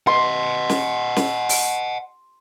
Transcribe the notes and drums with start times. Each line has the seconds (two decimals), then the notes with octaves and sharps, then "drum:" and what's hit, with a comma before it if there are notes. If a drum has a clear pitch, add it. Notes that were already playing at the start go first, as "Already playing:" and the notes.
0.07 D#5 F#5 C6
0.70 drum: snare
1.16 drum: snare
1.49 drum: open hi-hat